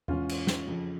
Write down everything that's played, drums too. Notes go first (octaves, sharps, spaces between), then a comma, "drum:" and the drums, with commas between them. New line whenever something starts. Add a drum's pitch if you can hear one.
G#2 E3 C#4 F4, drum: tom E2
drum: cymbal
drum: snare
F2 C#3 F3